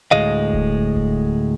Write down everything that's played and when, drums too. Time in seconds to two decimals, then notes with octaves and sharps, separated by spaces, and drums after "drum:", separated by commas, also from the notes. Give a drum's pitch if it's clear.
0.11 D2 A2 F3 G#3 D#5 F5
0.54 drum: kick D#1
0.96 drum: kick D#1